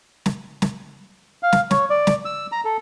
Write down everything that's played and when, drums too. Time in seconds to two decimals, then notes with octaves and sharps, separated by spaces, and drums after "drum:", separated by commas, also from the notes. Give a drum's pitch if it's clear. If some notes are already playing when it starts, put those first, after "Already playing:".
0.26 drum: snare
0.62 drum: snare
1.43 F5
1.52 drum: snare
1.71 C#5, drum: snare
1.90 D5
2.07 drum: snare
2.25 E6
2.52 A#5
2.65 A4